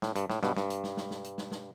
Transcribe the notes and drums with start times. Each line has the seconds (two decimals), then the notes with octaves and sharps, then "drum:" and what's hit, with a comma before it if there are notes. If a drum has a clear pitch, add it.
0.02 A2, drum: snare
0.16 G2, drum: hi-hat
0.30 A2, drum: snare
0.43 G2 B2, drum: snare
0.57 G2, drum: snare
0.70 drum: hi-hat
0.84 drum: snare
0.97 drum: snare
1.11 drum: snare
1.24 drum: hi-hat
1.38 drum: snare
1.51 drum: snare